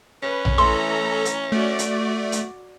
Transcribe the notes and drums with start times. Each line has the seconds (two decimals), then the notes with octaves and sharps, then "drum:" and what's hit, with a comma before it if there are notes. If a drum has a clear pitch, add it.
0.23 C#4 B4
0.45 drum: tom A#1
0.58 E3 A3 A4 A#5 C6
1.25 drum: hi-hat
1.52 A3 F#4 D5
1.79 drum: hi-hat
2.32 drum: hi-hat